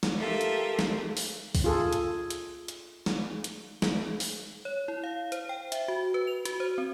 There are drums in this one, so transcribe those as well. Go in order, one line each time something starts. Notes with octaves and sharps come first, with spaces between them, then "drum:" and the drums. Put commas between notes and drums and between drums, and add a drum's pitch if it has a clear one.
drum: snare
F4 G4 A4 A#4 E5
drum: hi-hat
drum: snare
drum: open hi-hat
drum: kick, open hi-hat
F4 G#4 A4
drum: hi-hat
drum: hi-hat
drum: hi-hat
drum: snare
drum: hi-hat
drum: snare
drum: open hi-hat
C#5
E4
F5
C5, drum: hi-hat
G5
E5, drum: hi-hat
F#4
B4
F7
F#4, drum: hi-hat
C5
C4